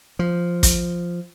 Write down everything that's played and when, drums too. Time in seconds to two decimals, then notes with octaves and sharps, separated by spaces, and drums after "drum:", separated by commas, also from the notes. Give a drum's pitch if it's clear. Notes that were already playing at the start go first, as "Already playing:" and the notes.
0.19 F3
0.63 drum: kick, hi-hat